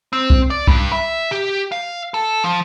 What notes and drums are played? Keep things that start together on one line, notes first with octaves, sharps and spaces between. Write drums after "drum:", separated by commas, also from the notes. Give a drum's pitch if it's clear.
C4
drum: kick
D5
G2, drum: kick
E5
G4
F5
A4
F3